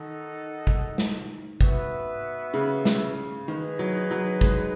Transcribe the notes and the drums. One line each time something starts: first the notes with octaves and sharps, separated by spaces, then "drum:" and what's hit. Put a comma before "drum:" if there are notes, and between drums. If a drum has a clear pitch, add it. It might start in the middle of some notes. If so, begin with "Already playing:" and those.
Already playing: D#3 D#4 A4 D#5 F#5
drum: kick
drum: snare
B3 F#4 B4 E5, drum: kick
C#3
drum: snare
D#3 D#4 G#4 B4
F#3
F#3
G#3, drum: kick